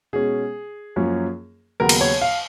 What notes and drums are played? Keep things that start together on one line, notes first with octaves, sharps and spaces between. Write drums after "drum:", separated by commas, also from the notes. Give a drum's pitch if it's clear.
B2 G#3 C#4 G#4
F#2 F3 A#3 C#4
D#2 C#3 F#3 B3 A#4
drum: cymbal
C#5
F5